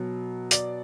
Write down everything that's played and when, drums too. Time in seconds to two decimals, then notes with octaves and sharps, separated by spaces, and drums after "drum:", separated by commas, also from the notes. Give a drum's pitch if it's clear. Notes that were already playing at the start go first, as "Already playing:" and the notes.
Already playing: B2 F#3
0.51 D5, drum: hi-hat